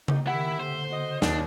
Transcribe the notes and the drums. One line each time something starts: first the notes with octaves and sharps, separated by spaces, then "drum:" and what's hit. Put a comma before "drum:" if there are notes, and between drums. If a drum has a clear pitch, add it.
G3 D#4, drum: tom C#3
D#3 E4 G4 E5 F#5
D3 C5
F#4 D#5
D#2 D4, drum: snare